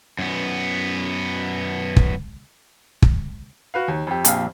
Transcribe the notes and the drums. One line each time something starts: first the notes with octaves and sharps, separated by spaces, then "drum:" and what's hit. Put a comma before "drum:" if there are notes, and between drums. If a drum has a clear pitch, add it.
F#2 B3
drum: kick
drum: kick
F#4 B4 F5
D#2
F2 G4
A#1 F5, drum: hi-hat